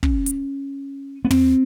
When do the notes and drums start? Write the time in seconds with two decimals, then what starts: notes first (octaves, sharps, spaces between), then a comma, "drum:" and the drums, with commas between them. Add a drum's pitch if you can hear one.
0.03 C#4, drum: kick
0.26 drum: hi-hat
1.25 B3
1.31 C4, drum: tom